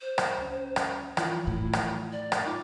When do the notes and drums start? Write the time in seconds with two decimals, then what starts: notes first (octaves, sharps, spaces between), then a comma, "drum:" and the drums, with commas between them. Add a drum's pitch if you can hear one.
0.01 C5
0.18 drum: rim click
0.38 C#2 C#4
0.76 drum: rim click
1.17 E3 F3 E4 F4, drum: rim click
1.47 A2
1.73 drum: rim click
2.12 D5
2.32 drum: rim click
2.46 D#4 F4 D6